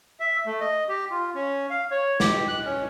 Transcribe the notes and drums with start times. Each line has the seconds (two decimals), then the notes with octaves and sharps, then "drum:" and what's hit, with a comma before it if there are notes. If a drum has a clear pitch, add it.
0.20 E5
0.46 A3
0.60 D#5
0.88 G4
1.11 F4
1.35 C#4
1.70 F5
1.91 C#5
2.20 G4, drum: snare
2.48 F#6
2.65 C#4